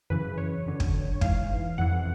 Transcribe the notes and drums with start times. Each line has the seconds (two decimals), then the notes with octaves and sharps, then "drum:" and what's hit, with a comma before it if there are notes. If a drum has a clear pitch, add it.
0.10 F#2 C#3 E3 B4
0.38 C#5
0.66 F#2 D3
0.80 drum: kick
1.21 G#2 E3 F5, drum: kick
1.78 F2 C3 E3 F#5